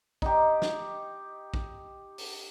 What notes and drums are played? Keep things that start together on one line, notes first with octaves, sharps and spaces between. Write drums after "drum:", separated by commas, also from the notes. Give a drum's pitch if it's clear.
D#4 G4, drum: kick A#1
drum: snare
drum: kick A#1
drum: open hi-hat